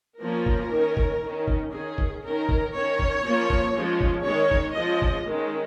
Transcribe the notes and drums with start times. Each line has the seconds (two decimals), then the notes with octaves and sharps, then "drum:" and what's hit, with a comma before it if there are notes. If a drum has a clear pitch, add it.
0.21 F3 A#3 C#4 A#4
0.46 drum: kick
0.71 D#3 C#4
0.97 drum: kick
1.22 D#3 C#4
1.47 drum: kick
1.72 D#3 C#4 G#4
1.98 drum: kick
2.23 D#3 C#4 A#4
2.49 drum: kick
2.73 D#3 C#4 C#5
2.99 drum: kick
3.24 F3 A#3 C#4
3.50 drum: kick
3.75 F3 G#3 C#4
4.01 drum: kick
4.26 D#3 G#3 C#4 C#5
4.51 drum: kick
4.77 F3 G#3 C#4 D#5
5.02 drum: kick
5.27 D#3 G#3 C#4